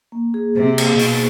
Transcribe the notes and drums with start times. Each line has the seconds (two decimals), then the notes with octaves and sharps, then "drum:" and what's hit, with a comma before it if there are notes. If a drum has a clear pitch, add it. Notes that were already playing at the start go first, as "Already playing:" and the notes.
0.12 A#3
0.34 G#4
0.56 C3 C5
0.78 A#3, drum: cymbal
0.99 B2 D#4, drum: open hi-hat